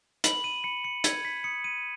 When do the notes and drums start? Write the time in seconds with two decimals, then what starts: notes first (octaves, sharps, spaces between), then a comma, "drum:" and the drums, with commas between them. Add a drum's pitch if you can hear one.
0.24 B5 F#7, drum: hi-hat
0.44 D#7
0.64 B5 C#7
0.84 C#7
1.04 B5 G#6, drum: hi-hat
1.25 B6
1.44 D#6 C#7
1.64 D#7